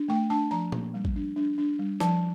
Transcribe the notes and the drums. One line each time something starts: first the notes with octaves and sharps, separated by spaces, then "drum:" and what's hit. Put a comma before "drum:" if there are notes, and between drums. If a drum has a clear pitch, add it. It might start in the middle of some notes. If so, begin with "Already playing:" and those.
Already playing: D4
A3 G5
D4 A5
F3 A#5
A#3, drum: tom A#2
G3
drum: kick
D4
D4
D4
G3
F3 A5, drum: snare